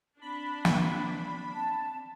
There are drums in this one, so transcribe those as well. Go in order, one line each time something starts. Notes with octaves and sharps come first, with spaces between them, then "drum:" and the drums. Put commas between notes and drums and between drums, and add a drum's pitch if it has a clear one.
C4 D4 B5
drum: snare
A5